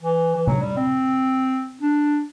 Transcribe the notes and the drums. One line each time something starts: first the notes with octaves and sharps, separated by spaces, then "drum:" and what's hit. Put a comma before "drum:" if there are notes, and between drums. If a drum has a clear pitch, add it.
E3
E3
F#3, drum: tom C3
G3
C4
D4